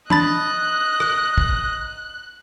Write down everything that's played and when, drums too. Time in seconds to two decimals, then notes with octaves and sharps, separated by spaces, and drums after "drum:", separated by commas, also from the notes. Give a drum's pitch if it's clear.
0.10 D4 D#5 B5 F#6 A6, drum: tom E3
1.00 drum: rim click
1.38 drum: kick